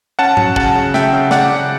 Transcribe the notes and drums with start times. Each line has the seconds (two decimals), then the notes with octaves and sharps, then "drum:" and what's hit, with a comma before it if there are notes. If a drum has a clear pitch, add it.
0.19 C#4 F#5 A5
0.37 F#3, drum: tom G#2
0.56 C#3 F#5 A5, drum: kick
0.75 C#3
0.94 C#3 E5 G5, drum: snare
1.13 C#3
1.31 C#3 D5 F#5, drum: snare
1.51 C#3